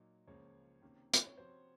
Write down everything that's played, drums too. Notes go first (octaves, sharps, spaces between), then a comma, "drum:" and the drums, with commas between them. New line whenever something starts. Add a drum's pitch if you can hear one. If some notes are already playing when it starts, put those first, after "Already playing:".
Already playing: A#2 F#3 A#3 D#4
C#2 C#3 F3 A#3 C#4 C#5
C3 D#3 A#3 C#4
drum: hi-hat
C#5
C3 F3 C4 F#4 C5